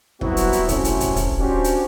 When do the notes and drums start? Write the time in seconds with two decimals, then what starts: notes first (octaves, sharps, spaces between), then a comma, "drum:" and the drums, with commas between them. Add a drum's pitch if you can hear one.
0.21 F#3 G3 B3 C4 E4 F#4, drum: kick
0.37 drum: hi-hat
0.53 drum: hi-hat
0.69 A2 C3 F#3 A3 C#4, drum: kick, hi-hat
0.84 drum: hi-hat
1.00 drum: kick, hi-hat
1.16 drum: kick, hi-hat
1.40 C#4 D4 F#4 G4 C5
1.64 drum: hi-hat